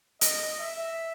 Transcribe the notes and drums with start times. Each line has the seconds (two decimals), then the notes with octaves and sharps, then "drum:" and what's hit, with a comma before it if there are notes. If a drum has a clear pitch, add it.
0.21 D#5, drum: hi-hat
0.60 E5